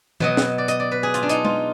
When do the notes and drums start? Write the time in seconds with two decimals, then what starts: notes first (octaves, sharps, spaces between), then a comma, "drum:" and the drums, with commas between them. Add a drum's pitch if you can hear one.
0.20 B2 F#3 D#5, drum: tom E3
0.37 drum: snare
0.58 D5
0.68 D#5, drum: hi-hat
0.80 D5
0.91 B4
1.03 G#4
1.14 F4, drum: hi-hat
1.23 D4
1.29 D#4, drum: hi-hat
1.45 F4, drum: tom G#3